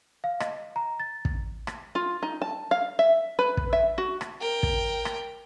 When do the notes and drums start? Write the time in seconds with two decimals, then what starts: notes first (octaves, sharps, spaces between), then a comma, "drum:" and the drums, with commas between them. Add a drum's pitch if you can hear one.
0.24 F5
0.40 D#5, drum: rim click
0.76 A#5
1.00 A6
1.25 drum: kick
1.67 drum: rim click
1.95 F4
2.23 D#4
2.42 A5
2.71 F5
2.99 E5
3.39 B4
3.57 drum: kick
3.73 E5
3.98 F#4
4.21 drum: rim click
4.40 A#4 G5
4.63 drum: kick
5.05 drum: rim click